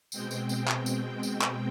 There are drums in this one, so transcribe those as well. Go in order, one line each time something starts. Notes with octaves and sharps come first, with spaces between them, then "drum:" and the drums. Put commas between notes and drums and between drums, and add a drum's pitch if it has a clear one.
B2 G#3 C4 G5, drum: tambourine
drum: tambourine
drum: tambourine
drum: clap
drum: tambourine
drum: tambourine
drum: clap